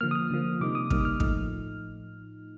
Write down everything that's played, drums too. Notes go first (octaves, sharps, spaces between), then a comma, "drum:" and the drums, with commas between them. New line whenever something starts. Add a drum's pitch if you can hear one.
D3 F3 A#3 F6
D#6
F6
D3 F3 A#3
C3 G3 A#3 D#4 D6
D#6
C3 G3 A#3 D#4 F6, drum: kick
D#6
F6
A2 F3 A3 D#4 F6, drum: kick